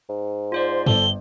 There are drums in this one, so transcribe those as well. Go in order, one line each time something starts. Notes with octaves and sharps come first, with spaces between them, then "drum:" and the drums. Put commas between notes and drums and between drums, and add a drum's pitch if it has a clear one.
G#2
F4 C5 D5 C6
G1 A4 G7, drum: tom G2